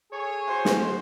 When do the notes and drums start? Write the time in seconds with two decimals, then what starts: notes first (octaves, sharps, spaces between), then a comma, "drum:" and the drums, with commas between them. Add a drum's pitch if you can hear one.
0.12 G#4 A4 C#5
0.47 F#4 C5
0.65 drum: snare